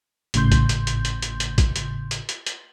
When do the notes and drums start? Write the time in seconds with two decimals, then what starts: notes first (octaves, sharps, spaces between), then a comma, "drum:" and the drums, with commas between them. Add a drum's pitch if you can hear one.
0.34 G#1 A2 C#3 C6 G6, drum: hi-hat
0.52 drum: kick, hi-hat
0.69 drum: hi-hat
0.87 drum: hi-hat
1.05 drum: hi-hat
1.22 drum: hi-hat
1.40 drum: hi-hat
1.58 drum: kick, hi-hat
1.76 drum: hi-hat
2.11 drum: hi-hat
2.29 drum: hi-hat
2.46 drum: hi-hat